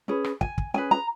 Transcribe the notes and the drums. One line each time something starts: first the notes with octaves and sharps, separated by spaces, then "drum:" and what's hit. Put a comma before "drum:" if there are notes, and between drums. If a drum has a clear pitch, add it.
C#4 G#4 B4
drum: rim click
G#5, drum: kick
drum: kick
C#4 G#4 B4 G#5
A#5